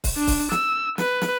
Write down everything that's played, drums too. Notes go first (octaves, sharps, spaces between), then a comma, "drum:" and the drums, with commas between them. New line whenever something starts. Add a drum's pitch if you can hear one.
drum: kick C#1, open hi-hat
D4
drum: kick C#1, open hi-hat
E6, drum: snare
B4, drum: snare
drum: snare